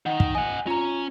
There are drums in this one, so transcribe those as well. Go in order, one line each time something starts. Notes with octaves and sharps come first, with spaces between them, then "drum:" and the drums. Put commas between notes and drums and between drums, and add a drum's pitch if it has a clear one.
D#3 D#4 F#5
drum: kick
D#5 F#5 G#5
C#4 F4 A#5